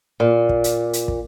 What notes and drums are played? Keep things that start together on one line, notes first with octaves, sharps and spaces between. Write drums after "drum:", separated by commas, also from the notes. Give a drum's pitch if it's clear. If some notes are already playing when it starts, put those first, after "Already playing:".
A#2
drum: kick
drum: hi-hat
drum: hi-hat
drum: kick